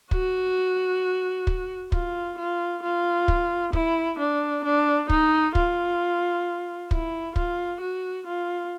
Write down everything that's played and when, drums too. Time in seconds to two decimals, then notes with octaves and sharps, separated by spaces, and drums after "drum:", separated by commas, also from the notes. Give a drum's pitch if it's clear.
0.11 F#4, drum: kick
1.47 drum: kick
1.92 F4, drum: kick
2.38 F4
2.83 F4
3.28 drum: kick
3.73 E4, drum: kick
4.19 D4
4.64 D4
5.10 D#4, drum: kick
5.55 F4, drum: kick
6.91 E4, drum: kick
7.36 F4, drum: kick
7.81 F#4
8.27 F4